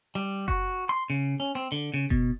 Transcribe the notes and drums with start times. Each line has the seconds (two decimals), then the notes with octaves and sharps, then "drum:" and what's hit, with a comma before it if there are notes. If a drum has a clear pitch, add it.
0.15 G3
0.48 F#4, drum: kick F#1
0.89 C6
1.10 C#3
1.40 C#4
1.55 C4
1.72 D3
1.94 C#3
2.10 B2, drum: kick F#1